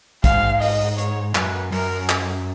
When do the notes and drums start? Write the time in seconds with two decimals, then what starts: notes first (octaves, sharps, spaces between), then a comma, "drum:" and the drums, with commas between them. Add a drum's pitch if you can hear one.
0.24 G#2 F5, drum: kick, hi-hat
0.62 D#5, drum: open hi-hat
0.98 C#5, drum: hi-hat
1.35 F#2 B4, drum: clap
1.72 F#2 A#4, drum: open hi-hat
2.09 drum: clap